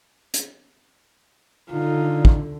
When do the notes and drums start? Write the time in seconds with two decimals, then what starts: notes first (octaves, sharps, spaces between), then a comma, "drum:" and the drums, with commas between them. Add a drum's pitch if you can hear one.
0.34 drum: hi-hat
1.71 D3 D#4 F4
2.25 drum: kick